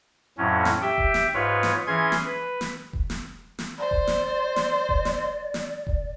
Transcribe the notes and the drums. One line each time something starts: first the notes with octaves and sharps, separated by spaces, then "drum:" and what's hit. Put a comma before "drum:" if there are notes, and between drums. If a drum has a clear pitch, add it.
F2 A2 F#3 C#4
drum: snare
G4 E5 G5
drum: kick E1
drum: snare
G#2 F4 B4 C#5
drum: snare
E3 C#4 G#4 C6 G#6
drum: snare
B4
drum: snare
drum: kick E1
drum: snare
drum: snare
C5 D5
drum: kick E1
drum: snare
drum: snare
drum: kick E1
drum: snare
drum: snare
drum: kick E1